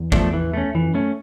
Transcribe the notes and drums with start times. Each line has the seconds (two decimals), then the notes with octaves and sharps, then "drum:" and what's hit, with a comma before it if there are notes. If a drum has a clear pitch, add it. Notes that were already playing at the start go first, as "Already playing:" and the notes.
Already playing: E2
0.12 F3 A3 D4, drum: kick G#1
0.33 E3
0.54 A3 C#4
0.74 F2 E3
0.88 F#2
0.94 A3 C#4